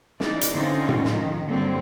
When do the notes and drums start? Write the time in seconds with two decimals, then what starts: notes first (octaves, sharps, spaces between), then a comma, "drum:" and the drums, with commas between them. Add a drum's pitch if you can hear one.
0.20 E3 D#4 D5, drum: snare
0.41 drum: hi-hat
0.52 D3 C4 C#4 D#4 F4
0.89 drum: tom A2
1.04 D#3 F3, drum: snare
1.47 G2 D3 F#3 G3 A#3 C4